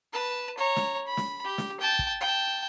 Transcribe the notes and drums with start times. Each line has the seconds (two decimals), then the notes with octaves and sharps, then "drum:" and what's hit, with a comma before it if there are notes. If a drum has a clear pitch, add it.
0.13 B4 A5
0.57 C#5 A#5
0.76 drum: snare
1.07 B5
1.17 drum: snare
1.44 G4
1.58 drum: snare
1.80 G5 A5
1.99 drum: kick
2.21 G5 A5